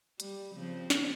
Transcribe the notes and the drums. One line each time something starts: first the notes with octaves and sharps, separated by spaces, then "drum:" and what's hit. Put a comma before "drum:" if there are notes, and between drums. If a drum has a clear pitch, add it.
G3, drum: hi-hat
C#3 F3 C4
drum: snare